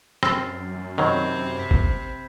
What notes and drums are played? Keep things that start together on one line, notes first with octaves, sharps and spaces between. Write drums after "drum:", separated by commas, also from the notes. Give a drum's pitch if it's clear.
F#2 C4 F6 A6 C7, drum: rim click
C3 D#3 F#3 C4 B5 G6 G#6
B6
drum: kick G#1